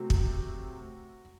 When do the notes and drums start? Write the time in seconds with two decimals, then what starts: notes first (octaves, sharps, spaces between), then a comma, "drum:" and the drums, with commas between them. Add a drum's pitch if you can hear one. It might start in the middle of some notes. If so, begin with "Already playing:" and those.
Already playing: C3 F#3 A3 C4 F#4
0.10 drum: kick